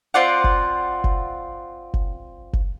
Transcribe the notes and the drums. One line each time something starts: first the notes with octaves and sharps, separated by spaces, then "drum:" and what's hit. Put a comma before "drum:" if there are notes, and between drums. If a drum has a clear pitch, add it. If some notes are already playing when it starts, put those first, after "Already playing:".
C4 F4 D5 F#5
drum: kick F#1
drum: kick F#1
drum: kick F#1
drum: kick F#1